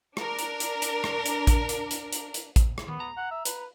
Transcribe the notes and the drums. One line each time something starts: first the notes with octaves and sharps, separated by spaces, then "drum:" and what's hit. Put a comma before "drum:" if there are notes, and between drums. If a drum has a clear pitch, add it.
D4 A#4, drum: rim click
drum: hi-hat
drum: hi-hat
drum: hi-hat
drum: rim click
drum: hi-hat
drum: kick A1, hi-hat
drum: hi-hat
drum: hi-hat
drum: hi-hat
drum: hi-hat
drum: kick A1, hi-hat
drum: rim click
D#3 B3
A#5
F#5
E5
B4, drum: hi-hat